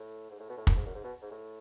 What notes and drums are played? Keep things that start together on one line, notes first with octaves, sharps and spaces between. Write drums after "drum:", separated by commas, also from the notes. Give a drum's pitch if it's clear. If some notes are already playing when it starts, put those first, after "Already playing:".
Already playing: A2
G#2
A2
B2
A2
F#2, drum: kick
G#2
F#2
G#2
B2
G#2
A2